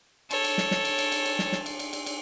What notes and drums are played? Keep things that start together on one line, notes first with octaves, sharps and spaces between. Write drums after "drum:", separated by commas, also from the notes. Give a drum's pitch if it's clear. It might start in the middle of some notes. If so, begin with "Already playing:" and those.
A4 C#5, drum: cymbal
drum: cymbal
drum: snare
drum: snare
drum: cymbal
drum: cymbal
drum: cymbal
drum: cymbal
drum: snare
drum: snare
drum: cymbal
drum: cymbal
drum: cymbal
drum: cymbal